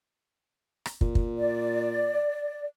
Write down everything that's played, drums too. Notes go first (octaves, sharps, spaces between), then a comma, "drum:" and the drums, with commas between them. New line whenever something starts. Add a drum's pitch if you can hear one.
drum: rim click
A#2, drum: kick
drum: kick
D5